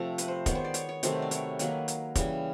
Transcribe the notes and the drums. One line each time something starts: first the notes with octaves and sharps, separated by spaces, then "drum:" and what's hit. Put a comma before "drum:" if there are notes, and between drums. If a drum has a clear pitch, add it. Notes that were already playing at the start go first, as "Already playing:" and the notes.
Already playing: C3 F3 A3 A4
B4, drum: hi-hat
C5
D#3 G#3 B3 C#5, drum: kick, hi-hat
C5
D5
C#5, drum: hi-hat
C#5
C3 D#3 F#3 A3 C5, drum: hi-hat
B4
D5
C#5, drum: hi-hat
D#3 F#3 A#3 B4, drum: hi-hat
drum: hi-hat
C#3 E3 G3, drum: kick, hi-hat